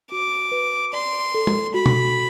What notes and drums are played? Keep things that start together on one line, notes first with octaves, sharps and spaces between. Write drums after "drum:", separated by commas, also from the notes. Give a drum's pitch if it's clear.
F#4 D6
B4
D5 C6
A4
drum: tom
F#4 B5
drum: tom B2